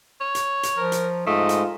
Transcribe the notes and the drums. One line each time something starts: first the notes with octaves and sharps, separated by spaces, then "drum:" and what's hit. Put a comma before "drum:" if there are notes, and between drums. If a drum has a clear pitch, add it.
C#5
drum: hi-hat
drum: hi-hat
F3 A#4
drum: hi-hat
G#2 A3 F4 D#5
drum: hi-hat